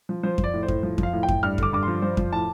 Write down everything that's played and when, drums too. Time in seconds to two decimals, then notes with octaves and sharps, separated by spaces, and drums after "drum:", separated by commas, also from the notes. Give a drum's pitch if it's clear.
0.09 F3
0.23 F3 C5
0.38 F3, drum: kick F2
0.44 D5
0.54 A2
0.63 C5
0.68 A2, drum: kick F2
0.83 F3
0.98 F3, drum: kick F2
1.03 F5
1.13 A2
1.23 G5
1.28 A2, drum: kick F2
1.43 G2 F6
1.58 D3 D6, drum: kick F2
1.73 G2 D6
1.83 F3 C6
2.02 F3 C5
2.17 F3, drum: kick F2
2.33 A2 A5